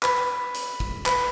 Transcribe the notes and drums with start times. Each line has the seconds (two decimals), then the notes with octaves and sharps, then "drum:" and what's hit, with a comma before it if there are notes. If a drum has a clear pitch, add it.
0.03 B4, drum: clap
0.54 drum: hi-hat
0.80 drum: kick
1.06 B4, drum: clap